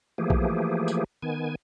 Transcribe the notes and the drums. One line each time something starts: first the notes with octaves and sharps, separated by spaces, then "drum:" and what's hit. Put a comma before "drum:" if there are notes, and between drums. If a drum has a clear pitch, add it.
E3 F3 A3 A#3 G4 G#4
drum: kick A#1
drum: tambourine
D#3 B3 G#5